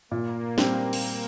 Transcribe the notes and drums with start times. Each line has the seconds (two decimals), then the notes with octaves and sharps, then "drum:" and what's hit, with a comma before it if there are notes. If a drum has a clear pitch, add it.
0.11 A#2 A#3
0.58 G3 C4, drum: snare
0.93 drum: cymbal